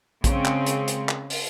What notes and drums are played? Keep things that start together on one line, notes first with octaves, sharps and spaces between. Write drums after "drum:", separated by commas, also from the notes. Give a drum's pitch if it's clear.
C#3 G#3 C4, drum: kick A#1, hi-hat
drum: clap
drum: hi-hat
drum: hi-hat
drum: clap
drum: open hi-hat